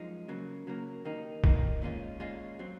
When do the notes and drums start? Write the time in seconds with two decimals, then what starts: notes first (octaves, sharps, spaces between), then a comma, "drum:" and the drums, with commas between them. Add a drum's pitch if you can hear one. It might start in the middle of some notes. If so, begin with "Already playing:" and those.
Already playing: F#2 F3 G#3 D#4
0.28 C#3 F#3 A#3
0.67 C#3 F#3 A#3
1.05 D#2 D#3 A#3 D#4
1.44 D#2 D#3 A#3 D#4, drum: kick
1.82 A#2 G#3 C#4 F4
2.20 A#2 G#3 C#4 F4
2.59 F#3 C4